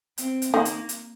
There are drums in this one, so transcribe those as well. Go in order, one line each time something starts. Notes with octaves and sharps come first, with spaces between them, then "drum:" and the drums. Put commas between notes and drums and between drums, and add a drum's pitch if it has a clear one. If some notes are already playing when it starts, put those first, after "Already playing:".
C4, drum: hi-hat
drum: hi-hat
D#3 A#3
drum: hi-hat
drum: hi-hat